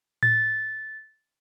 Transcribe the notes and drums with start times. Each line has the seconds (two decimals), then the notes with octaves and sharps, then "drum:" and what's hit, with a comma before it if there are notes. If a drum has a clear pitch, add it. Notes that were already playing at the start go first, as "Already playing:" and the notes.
0.23 A6, drum: tom A2